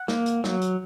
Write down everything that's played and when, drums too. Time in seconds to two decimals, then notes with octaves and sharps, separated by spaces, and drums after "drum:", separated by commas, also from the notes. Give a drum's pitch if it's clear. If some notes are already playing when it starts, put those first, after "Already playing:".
Already playing: F#5
0.08 A#3, drum: snare
0.26 drum: hi-hat
0.44 F#3, drum: snare
0.62 drum: hi-hat